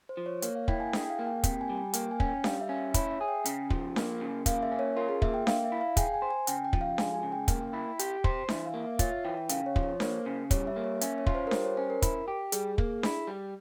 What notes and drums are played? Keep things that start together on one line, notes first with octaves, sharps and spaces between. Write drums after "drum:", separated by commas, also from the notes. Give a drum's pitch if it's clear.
C5
F3
C#5
A#3 C#5, drum: hi-hat
F5
E4 G5, drum: kick
G#5
G#4 G5, drum: snare D4
G5
F5
A#3
G5
C3 G5, drum: kick, hi-hat
G#5
G3
G5
A#3 G5, drum: hi-hat
G#5
C#4, drum: kick
G5
G3 F5, drum: snare D4
E5
C#4
E5
E4 C#5, drum: kick, hi-hat
E5
G#4
G5
C#3, drum: hi-hat
F3, drum: kick
A#3, drum: snare D4
C#3
A#3 F5, drum: kick, hi-hat
E5
C#4
C#5
F4 A#4
G#4
A#3 E5, drum: kick
G5
A#3 F5, drum: snare D4
E5
E4
F5
G#4 G5, drum: kick, hi-hat
G#5
C5
G#5
C#3 G5, drum: hi-hat
G5
F3, drum: kick
F5
G#3 G#5, drum: snare D4
G#5
C#3
G5
A#3, drum: kick, hi-hat
E4
G4, drum: hi-hat
C5, drum: kick
E3 E5, drum: snare D4
F5
A#3
E5
F4 C#5, drum: kick, hi-hat
E5
E3 G5
G5
C#3 F5, drum: hi-hat
C#5
F3, drum: kick
C#5
A#3 C5, drum: snare D4
C#3
G3 C#5, drum: kick, hi-hat
E5
A#3
C#5
C#4 E5, drum: hi-hat
C#5
F4, drum: kick
C5
A#4
G3 C5, drum: snare D4
C#5
C#4 C5
A#4
E4, drum: kick, hi-hat
G4
G3 G#4, drum: hi-hat
A#3, drum: kick
E4, drum: snare D4
G3